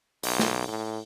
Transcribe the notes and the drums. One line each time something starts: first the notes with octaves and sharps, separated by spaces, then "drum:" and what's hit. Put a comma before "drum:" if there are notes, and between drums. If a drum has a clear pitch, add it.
B1, drum: open hi-hat
drum: snare
A2